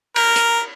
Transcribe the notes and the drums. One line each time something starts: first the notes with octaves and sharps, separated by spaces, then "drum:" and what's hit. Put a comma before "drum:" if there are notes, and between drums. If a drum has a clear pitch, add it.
A#4, drum: cymbal
drum: hi-hat